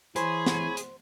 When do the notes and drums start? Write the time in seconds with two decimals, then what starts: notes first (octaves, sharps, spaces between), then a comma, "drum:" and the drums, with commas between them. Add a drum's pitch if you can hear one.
0.16 E3 G#4 C5 C#5 B5, drum: hi-hat
0.46 drum: snare
0.77 drum: hi-hat